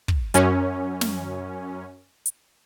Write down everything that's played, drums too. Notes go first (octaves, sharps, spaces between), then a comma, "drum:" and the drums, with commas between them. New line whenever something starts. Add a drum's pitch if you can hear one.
drum: kick
F#2 C#4, drum: hi-hat
drum: snare
drum: hi-hat